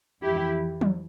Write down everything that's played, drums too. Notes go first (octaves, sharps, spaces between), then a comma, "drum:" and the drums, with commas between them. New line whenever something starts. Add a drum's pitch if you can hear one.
F2 E3 E4 G4
drum: tom